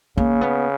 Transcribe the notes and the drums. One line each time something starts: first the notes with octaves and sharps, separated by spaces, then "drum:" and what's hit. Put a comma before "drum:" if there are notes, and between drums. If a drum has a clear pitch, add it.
C#3 A#3, drum: kick
B3